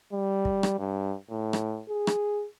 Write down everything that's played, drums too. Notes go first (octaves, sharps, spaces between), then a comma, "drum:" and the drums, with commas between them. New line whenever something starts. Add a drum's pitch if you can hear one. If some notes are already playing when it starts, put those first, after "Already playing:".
G3
drum: kick
drum: rim click
G2
A2
drum: rim click
G#4
drum: rim click